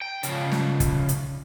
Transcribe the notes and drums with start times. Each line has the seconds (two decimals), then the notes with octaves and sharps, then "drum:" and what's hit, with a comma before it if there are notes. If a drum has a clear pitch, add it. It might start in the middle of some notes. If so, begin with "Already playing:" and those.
0.01 G5
0.23 C#3 F3, drum: hi-hat
0.52 drum: snare
0.80 drum: kick, hi-hat
1.09 drum: hi-hat